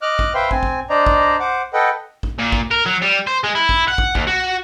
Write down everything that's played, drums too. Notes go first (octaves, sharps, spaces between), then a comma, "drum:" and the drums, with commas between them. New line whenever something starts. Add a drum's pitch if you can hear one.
D#5 D6 F6 F#6
drum: kick
B4 C5 E5 F5 G5 C6
C4 G#5, drum: kick
drum: kick
D4 C5 D5 D#5 A#5
drum: kick
C5 F#5 D6
A4 B4 D#5 F#5 G5
drum: kick
A#2
drum: kick
A#4
F#3
G3
C5
G#3
E4
drum: kick
F#5
drum: kick
D#2, drum: kick
F#4